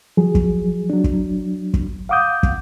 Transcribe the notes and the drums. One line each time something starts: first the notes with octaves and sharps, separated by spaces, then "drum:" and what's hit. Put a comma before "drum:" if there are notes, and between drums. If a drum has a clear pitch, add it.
F3 F#3 G#4
drum: kick
F#3 D4
drum: kick
drum: kick
F5 F#5 D6 D#6 G6
drum: kick